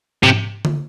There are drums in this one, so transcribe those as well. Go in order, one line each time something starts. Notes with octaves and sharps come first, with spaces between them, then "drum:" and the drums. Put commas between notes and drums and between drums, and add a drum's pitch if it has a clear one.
C3, drum: tom G#2
drum: tom D3